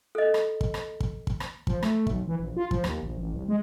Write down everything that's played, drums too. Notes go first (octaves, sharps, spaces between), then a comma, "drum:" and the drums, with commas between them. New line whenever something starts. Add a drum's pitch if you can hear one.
A4 D#5
drum: rim click
drum: kick
drum: rim click
drum: kick
drum: kick
drum: rim click
F3, drum: kick
A3, drum: rim click
B1, drum: kick
E3
A#1
F4
F3, drum: kick
D#2, drum: rim click
A#1
A1
C2
G#3